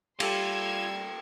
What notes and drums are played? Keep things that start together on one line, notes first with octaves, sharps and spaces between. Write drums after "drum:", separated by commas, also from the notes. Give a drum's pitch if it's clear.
G3 F4 G4 A4 G5 C6 E6 G#6, drum: cymbal